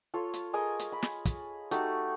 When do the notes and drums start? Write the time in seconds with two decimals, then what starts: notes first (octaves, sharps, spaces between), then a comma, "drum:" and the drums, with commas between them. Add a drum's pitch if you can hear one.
0.14 F4 A4 C#5
0.34 drum: hi-hat
0.53 G#4 A#4 D#5 G#5
0.80 drum: hi-hat
0.92 B5
1.02 drum: snare
1.25 drum: kick, hi-hat
1.71 A3 D#4 F#4 G4, drum: hi-hat